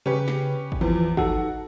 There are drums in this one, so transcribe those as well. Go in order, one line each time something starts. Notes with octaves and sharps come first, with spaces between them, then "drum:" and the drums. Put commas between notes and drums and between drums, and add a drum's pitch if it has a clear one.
C#3 C#4 G4 B4, drum: tom
drum: snare
drum: kick G#1
E2 E3 F3
D#4 F#4 A4, drum: kick G#1